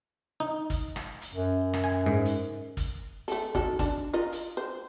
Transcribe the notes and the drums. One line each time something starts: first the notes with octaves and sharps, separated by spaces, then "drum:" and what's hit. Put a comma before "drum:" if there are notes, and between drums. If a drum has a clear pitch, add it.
D#4
drum: kick, hi-hat
drum: rim click
drum: hi-hat
F#2
drum: rim click
G#5
G#2
drum: hi-hat
drum: kick, hi-hat
A3 A4, drum: hi-hat
D#3 F#4 A4, drum: kick
D4 A5, drum: kick, hi-hat
F4 A#4 D#5
drum: hi-hat
C5